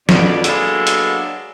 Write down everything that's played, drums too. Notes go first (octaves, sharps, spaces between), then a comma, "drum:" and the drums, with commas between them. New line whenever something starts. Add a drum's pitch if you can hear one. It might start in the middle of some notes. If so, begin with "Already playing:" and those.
F2 B2 D5, drum: snare
F#3 G#3 A#3 B3 D4 A4, drum: hi-hat
drum: hi-hat